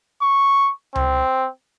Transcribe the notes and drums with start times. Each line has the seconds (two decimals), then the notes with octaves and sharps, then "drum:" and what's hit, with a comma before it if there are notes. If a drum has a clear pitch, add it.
0.22 C#6
0.96 C4, drum: tom C#2